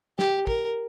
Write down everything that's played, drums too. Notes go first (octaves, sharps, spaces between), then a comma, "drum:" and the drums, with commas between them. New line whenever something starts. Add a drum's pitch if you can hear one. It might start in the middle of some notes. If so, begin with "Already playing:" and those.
G4, drum: snare
A#4, drum: kick